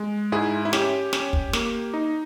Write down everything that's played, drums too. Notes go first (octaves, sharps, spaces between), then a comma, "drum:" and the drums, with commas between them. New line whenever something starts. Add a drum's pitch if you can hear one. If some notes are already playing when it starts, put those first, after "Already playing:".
Already playing: G#3
G#2 E4 G#4
E4
C#4 G4, drum: snare
C#4, drum: snare
drum: kick
A#3, drum: snare
D#4